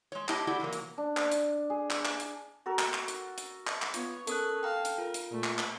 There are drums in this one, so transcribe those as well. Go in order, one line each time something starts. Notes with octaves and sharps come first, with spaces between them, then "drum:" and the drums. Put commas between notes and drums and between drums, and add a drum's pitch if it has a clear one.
G#3 C#5
B3 E4 G4 D#5 A5, drum: clap
A3 E4 F#4 G4 D5
C3 E3 F#3 A#3
drum: hi-hat
D4
drum: clap
drum: hi-hat
G#4
drum: clap
drum: clap
drum: hi-hat
F#4 A4 A#4
drum: clap
drum: clap
drum: hi-hat
drum: hi-hat
drum: clap
drum: clap
B3 F4 C#5, drum: hi-hat
C#4 A4 A#4 D#6 F#6, drum: hi-hat
F5 G5 A#5
drum: hi-hat
F4 A#4
drum: hi-hat
A#2 A3
drum: clap
drum: clap